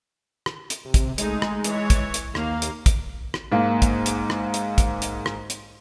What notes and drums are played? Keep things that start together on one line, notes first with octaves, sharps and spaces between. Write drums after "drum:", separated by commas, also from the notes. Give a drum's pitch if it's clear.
drum: rim click
drum: hi-hat
C3
drum: kick, hi-hat
G#3 A3 D#4 G#4, drum: hi-hat
drum: rim click
E3 C#5, drum: hi-hat
drum: kick, hi-hat
drum: hi-hat
D#2 A#3 F5, drum: rim click
drum: hi-hat
drum: kick, hi-hat
drum: rim click
G#2 A#3
drum: kick, hi-hat
drum: hi-hat
drum: rim click
drum: hi-hat
drum: kick, hi-hat
drum: hi-hat
drum: rim click
drum: hi-hat